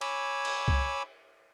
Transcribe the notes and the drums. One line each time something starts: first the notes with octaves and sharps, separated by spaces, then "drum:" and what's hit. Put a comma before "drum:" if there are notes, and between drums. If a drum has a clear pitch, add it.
C#5 G#5 B5 D6 E6, drum: cymbal
drum: cymbal
drum: kick C2